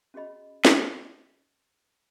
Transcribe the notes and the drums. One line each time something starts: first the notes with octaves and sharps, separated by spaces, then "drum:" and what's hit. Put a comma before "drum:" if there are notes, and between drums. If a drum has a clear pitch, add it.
C#4 F#4 G#4 D#5 B5
drum: snare